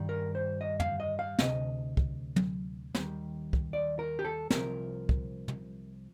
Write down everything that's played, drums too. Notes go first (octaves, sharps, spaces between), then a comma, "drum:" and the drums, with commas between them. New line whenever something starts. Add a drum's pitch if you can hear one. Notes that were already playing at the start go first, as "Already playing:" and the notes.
Already playing: G2 D#3 G3
A#4
C5
D#5
F5, drum: tom
D#5
F5
D2 C3 D#5, drum: snare
drum: kick
drum: tom
D#2 D#3 G3, drum: snare
drum: kick
D5
A#4
G4
A4
C2 C3 F3 A#4, drum: snare
drum: kick
drum: tom